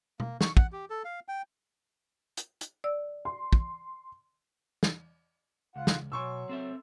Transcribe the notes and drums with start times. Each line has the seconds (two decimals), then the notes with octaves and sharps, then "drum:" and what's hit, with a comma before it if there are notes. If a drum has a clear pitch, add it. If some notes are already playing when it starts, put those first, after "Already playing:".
0.20 A#3, drum: tom B2
0.41 C#6, drum: snare
0.57 F#5, drum: kick
0.72 G4
0.90 A4
1.05 F5
1.28 G5
2.37 drum: hi-hat
2.61 drum: hi-hat
2.84 D5 E6
3.25 C6
3.53 drum: kick
4.83 drum: snare
5.76 C#2 F4 F#5
5.87 drum: snare
6.12 B2 F#3 G#5 C6 C#6 E6
6.49 C4 A4 E5